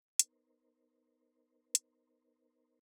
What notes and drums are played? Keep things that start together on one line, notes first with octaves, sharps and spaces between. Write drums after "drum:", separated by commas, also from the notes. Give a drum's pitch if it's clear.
B3 D#4 A#4 C5, drum: hi-hat
drum: hi-hat